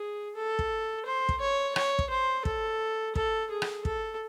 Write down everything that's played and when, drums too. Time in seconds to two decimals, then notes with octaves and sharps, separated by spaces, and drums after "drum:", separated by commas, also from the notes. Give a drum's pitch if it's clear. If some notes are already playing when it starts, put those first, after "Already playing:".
Already playing: G#4
0.36 A4
0.59 drum: kick
1.06 C5
1.29 drum: kick
1.41 C#5
1.76 C#5, drum: rim click
1.99 drum: kick
2.10 C5
2.45 A4, drum: kick
3.15 A4, drum: kick
3.51 G#4
3.62 drum: rim click
3.85 A4, drum: kick